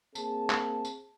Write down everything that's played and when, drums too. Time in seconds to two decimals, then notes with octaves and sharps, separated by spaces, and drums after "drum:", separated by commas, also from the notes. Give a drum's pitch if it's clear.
0.15 A#3 C4 G#4 A5, drum: tambourine
0.50 drum: clap
0.85 drum: tambourine